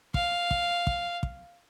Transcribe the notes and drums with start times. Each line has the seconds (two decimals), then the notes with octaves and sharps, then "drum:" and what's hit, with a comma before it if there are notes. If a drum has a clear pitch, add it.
0.14 F5, drum: kick
0.51 drum: kick
0.87 drum: kick
1.23 drum: kick